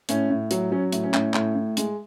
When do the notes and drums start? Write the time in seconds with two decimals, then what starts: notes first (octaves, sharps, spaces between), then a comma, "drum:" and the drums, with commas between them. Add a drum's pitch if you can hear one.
0.09 A2 C#4, drum: hi-hat
0.30 A2
0.51 F#3, drum: hi-hat
0.72 F#3 C#4
0.92 A2, drum: hi-hat
1.03 C#4
1.14 A2, drum: clap
1.34 A2, drum: clap
1.55 A2
1.77 G#3, drum: hi-hat